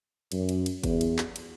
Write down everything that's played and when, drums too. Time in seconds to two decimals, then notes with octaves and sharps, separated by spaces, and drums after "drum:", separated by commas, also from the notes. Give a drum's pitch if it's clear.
0.32 F#2, drum: cymbal
0.49 drum: cymbal
0.66 drum: cymbal
0.84 E2, drum: kick, cymbal
1.01 drum: cymbal
1.18 drum: clap
1.36 drum: cymbal